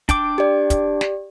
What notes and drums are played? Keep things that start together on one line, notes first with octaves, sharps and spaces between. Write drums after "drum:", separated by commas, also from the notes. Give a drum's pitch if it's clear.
D4 G5 D6, drum: kick, hi-hat
G4 D5
drum: kick, hi-hat
drum: snare